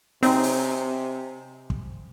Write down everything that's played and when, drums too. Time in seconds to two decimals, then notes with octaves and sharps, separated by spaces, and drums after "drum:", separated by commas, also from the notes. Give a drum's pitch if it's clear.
0.23 C3 F#3 C4 D#4 G#4, drum: open hi-hat
0.43 drum: open hi-hat
1.70 drum: kick